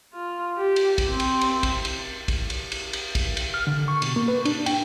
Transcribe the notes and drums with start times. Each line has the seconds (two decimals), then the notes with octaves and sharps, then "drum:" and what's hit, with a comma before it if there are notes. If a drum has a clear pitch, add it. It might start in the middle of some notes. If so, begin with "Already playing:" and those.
0.13 F4
0.58 G4
0.76 drum: cymbal
0.98 drum: kick, cymbal
1.10 C4
1.20 drum: cymbal
1.41 drum: cymbal
1.63 drum: kick, cymbal
1.85 drum: cymbal
2.28 drum: kick, cymbal
2.50 drum: cymbal
2.72 drum: cymbal
2.93 drum: cymbal
3.15 drum: kick, cymbal
3.37 drum: cymbal
3.54 F6
3.67 D3
3.88 C#6
4.02 B2, drum: cymbal
4.16 A#3
4.28 B4
4.45 D4, drum: cymbal
4.66 G5, drum: cymbal